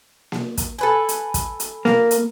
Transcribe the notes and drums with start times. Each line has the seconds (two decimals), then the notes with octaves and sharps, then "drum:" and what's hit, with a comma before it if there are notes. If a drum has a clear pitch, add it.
0.32 drum: snare A#3
0.57 drum: kick, hi-hat
0.79 A4 B4 G#5
1.09 drum: hi-hat
1.34 drum: kick, hi-hat
1.60 drum: hi-hat
1.85 A#3, drum: snare A#3
2.11 drum: hi-hat